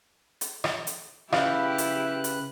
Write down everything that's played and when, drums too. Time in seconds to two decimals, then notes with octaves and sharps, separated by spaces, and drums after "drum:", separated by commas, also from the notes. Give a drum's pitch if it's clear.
0.41 drum: hi-hat
0.64 drum: rim click
0.87 drum: hi-hat
1.33 C#3 E4 G4 B4 F5 F#6, drum: rim click
1.78 drum: hi-hat
2.24 drum: hi-hat